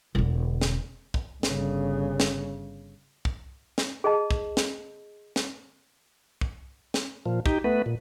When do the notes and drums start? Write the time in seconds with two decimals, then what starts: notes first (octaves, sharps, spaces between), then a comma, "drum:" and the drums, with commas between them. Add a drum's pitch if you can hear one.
0.15 E1 D3
0.61 drum: snare
1.14 drum: kick
1.43 G1 C#3, drum: snare
2.20 drum: snare
3.25 drum: kick
3.78 drum: snare
4.04 G#4 D#5 A5
4.31 drum: kick
4.57 drum: snare
5.36 drum: snare
6.41 drum: kick
6.94 drum: snare
7.26 A#2 F3
7.46 D#4 G4, drum: kick
7.64 A3 B3 B4
7.86 A#2